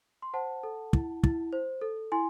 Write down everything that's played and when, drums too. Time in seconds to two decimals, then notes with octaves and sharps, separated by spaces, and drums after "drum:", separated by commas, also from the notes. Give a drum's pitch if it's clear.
0.22 C6
0.34 C5 F#5 A5
0.63 A4
0.93 E4, drum: kick
1.23 E4, drum: kick
1.53 C5
1.81 A4
2.12 E4 G#5 C6